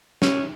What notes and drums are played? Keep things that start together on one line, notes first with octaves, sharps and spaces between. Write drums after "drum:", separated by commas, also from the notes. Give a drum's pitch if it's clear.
C#4, drum: snare